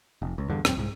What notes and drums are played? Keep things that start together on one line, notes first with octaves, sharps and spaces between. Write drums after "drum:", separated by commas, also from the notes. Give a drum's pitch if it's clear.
F1
C#2
E2 G2 D3
D#1 F#2 C4, drum: rim click
C2 G#2